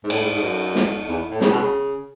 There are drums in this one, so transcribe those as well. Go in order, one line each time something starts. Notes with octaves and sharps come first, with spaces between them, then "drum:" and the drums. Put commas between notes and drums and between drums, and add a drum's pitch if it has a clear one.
G#2
A2, drum: cymbal
G#2
G#2
F#2
drum: snare
E2
A2
C#3, drum: snare
B2
C#3